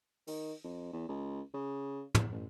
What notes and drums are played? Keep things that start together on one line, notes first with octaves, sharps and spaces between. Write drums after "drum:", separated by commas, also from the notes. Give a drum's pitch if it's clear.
D#3, drum: open hi-hat
F2
E2
C#2
C#3
E2, drum: tom
A1